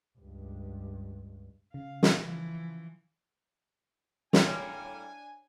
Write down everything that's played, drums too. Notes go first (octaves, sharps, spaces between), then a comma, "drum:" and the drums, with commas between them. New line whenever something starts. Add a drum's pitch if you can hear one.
C#2 G2
C#3 F5
drum: snare
E3 F3
A2 G3 A#3 D4 G#4 C#5 G5 G#5, drum: snare